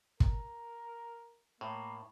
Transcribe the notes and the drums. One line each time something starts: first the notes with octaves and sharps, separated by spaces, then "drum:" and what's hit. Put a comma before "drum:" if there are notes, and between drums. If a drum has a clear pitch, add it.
A#4, drum: kick
A2 A#3